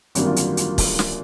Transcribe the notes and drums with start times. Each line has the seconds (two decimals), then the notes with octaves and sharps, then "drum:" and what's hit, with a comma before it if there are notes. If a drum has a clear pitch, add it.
0.15 G#1 F#2 D3 G3 A#3 F#4, drum: hi-hat
0.26 F4
0.36 F#4, drum: hi-hat
0.57 F4, drum: hi-hat
0.78 drum: kick, open hi-hat
0.99 drum: snare